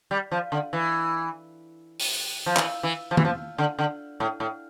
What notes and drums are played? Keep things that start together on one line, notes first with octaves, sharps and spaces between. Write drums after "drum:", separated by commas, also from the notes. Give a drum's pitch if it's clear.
G3
F3
D3
E3
drum: open hi-hat
F3
E3, drum: clap
E3
F3
E3, drum: tom
F3
D3
D3
A2
A2